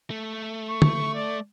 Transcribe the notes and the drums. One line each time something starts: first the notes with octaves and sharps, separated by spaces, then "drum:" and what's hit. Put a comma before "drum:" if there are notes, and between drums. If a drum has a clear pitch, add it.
A3
C#6
drum: tom
D5